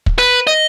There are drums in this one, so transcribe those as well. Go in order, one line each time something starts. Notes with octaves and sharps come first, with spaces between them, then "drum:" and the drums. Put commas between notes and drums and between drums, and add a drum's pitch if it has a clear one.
drum: kick
B4
D#5